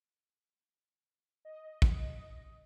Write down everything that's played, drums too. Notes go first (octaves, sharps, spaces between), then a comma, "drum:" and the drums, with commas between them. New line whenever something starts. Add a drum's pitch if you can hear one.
D#5
drum: kick